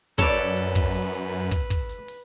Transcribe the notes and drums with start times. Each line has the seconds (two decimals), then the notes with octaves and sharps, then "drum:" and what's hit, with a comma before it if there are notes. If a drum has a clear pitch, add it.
0.18 F#2 A4 B4 C#5 D5, drum: kick, hi-hat
0.37 drum: hi-hat
0.56 drum: open hi-hat
0.75 drum: kick, hi-hat
0.94 drum: hi-hat
1.13 drum: hi-hat
1.32 drum: hi-hat
1.51 drum: kick, hi-hat
1.70 drum: kick, hi-hat
1.89 drum: hi-hat
2.08 drum: open hi-hat